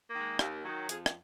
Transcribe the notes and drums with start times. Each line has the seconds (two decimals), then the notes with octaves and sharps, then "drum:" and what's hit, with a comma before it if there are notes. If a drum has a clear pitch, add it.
0.09 A#3
0.14 D#3 G#3
0.39 D#2, drum: rim click
0.65 D#3 F#3
0.89 F2 G#4, drum: hi-hat
1.06 drum: rim click